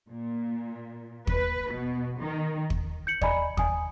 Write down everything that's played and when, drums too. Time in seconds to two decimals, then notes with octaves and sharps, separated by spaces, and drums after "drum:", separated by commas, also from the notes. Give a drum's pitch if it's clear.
0.10 A#2
1.27 B4, drum: kick
1.71 B2
2.19 D#3
2.70 drum: kick
3.07 G6 C#7 F#7
3.21 D5 D#5 G#5 A#5 B5, drum: kick
3.57 G#5 D#6, drum: kick